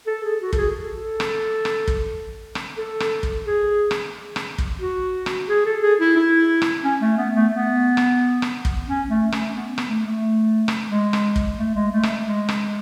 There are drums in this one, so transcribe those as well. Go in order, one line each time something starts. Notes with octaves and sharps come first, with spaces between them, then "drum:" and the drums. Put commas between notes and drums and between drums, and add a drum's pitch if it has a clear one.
A4
G#4
F#4
A4, drum: kick
G#4
A4
drum: rim click
drum: rim click
drum: kick
drum: rim click
A4
drum: rim click
drum: kick
G#4
drum: rim click
drum: rim click
drum: kick
F#4
drum: rim click
G#4
A4
G#4
E4
E4
drum: rim click
C#4
A3
B3
A3
B3
drum: rim click
drum: rim click
drum: kick
C#4
A3
C#4, drum: rim click
B3
drum: rim click
A3
A3
drum: rim click
G#3
drum: rim click
drum: kick
A3
G#3
A3
drum: rim click
G#3
drum: rim click